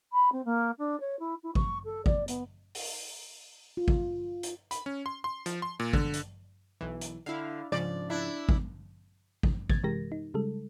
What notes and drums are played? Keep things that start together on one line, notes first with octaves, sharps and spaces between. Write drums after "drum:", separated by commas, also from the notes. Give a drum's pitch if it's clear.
B5
C4
A#3
D4
C#5
E4
E4
C#6, drum: kick G#1
A4
D5, drum: kick G#1
B3, drum: hi-hat
drum: open hi-hat
F4
drum: kick G#1
drum: hi-hat
B5, drum: hi-hat
C#4
C6
C6
F3, drum: hi-hat
C6
A#2
D3, drum: kick G#1
drum: hi-hat
B1 E3
drum: hi-hat
D3 E4 F5
G#2 C#3 F3 D5
D4 E4
drum: kick G#1
drum: kick G#1
G#6 A6, drum: kick G#1
C3 E3 G#3 G4 A#4 A#6
D#4
C#3 G3 G#3 A4